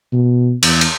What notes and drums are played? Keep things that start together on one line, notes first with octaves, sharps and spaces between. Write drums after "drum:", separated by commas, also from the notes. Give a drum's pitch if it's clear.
B2
E2, drum: cymbal
drum: cymbal